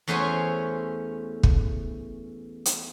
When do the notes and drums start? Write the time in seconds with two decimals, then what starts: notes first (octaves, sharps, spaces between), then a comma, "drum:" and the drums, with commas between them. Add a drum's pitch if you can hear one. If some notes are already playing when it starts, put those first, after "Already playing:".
0.08 E2 A3 C#4 C5 C#5 G#5
1.43 drum: kick
2.66 drum: hi-hat